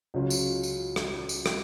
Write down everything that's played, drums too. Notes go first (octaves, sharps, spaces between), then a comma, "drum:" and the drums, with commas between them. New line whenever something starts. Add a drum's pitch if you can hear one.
C#2 C#3 F#3 C#4 F4
drum: tambourine
drum: tambourine
drum: rim click
drum: tambourine
drum: rim click